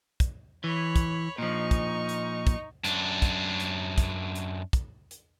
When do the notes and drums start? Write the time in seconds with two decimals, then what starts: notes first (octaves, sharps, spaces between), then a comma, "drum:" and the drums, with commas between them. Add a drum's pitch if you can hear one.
0.20 drum: kick, hi-hat
0.64 E3 C#5 B5
0.96 drum: kick, hi-hat
1.38 A#2 F3 D#4 C#6
1.71 drum: kick, hi-hat
2.09 drum: hi-hat
2.47 drum: kick, hi-hat
2.84 F#2 D4, drum: hi-hat
3.22 drum: kick, hi-hat
3.60 drum: hi-hat
3.98 drum: kick, hi-hat
4.35 drum: hi-hat
4.73 drum: kick, hi-hat
5.11 drum: hi-hat